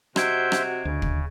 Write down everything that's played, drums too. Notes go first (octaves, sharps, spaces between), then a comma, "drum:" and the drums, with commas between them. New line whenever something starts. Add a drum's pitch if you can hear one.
C3 F#4 C5 D#5 E5 G6 G#6 D7, drum: rim click
drum: rim click
D2 C#3
drum: kick